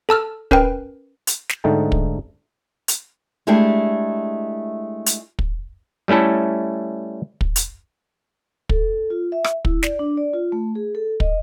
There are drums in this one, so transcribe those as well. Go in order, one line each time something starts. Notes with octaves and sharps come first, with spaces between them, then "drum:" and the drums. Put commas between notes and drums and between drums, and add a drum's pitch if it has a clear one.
A4 A5 E6 F6
C#4 A#4 B4 G5, drum: kick
drum: hi-hat
drum: snare
G#2 D3 A3 D#4 G5 A5
drum: kick
drum: hi-hat
G#3 A3 D4 E4 G4 G#4
drum: hi-hat
drum: kick
G3 A3 C#4 E4 A4
drum: kick
drum: hi-hat
A4, drum: kick
F4
E5
drum: rim click
E4, drum: kick
D5, drum: snare
D4
D5
F4
A3
G#4
A4
D#5, drum: kick